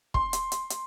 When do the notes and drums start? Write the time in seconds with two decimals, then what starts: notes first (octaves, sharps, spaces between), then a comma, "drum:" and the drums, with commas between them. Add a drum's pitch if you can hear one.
0.14 C6, drum: kick
0.33 drum: hi-hat
0.52 drum: hi-hat
0.70 drum: hi-hat